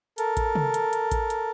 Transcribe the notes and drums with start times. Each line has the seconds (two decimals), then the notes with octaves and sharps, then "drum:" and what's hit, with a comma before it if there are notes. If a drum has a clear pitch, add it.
0.18 A4 A#4, drum: hi-hat
0.37 drum: kick A1, hi-hat
0.55 drum: tom
0.74 drum: hi-hat
0.93 drum: hi-hat
1.11 drum: kick A1, hi-hat
1.30 drum: hi-hat